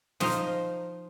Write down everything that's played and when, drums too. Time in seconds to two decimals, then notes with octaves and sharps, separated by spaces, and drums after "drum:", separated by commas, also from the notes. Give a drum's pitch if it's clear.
0.20 F3 D#4 C5 F5 A#5, drum: snare